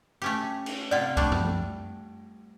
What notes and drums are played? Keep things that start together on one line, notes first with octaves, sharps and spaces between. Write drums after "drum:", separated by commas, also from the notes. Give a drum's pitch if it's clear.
A3 C#4 G4
drum: cymbal
C3 F4 D5 F#5 G5
G3 A3 D4, drum: kick C#2
drum: tom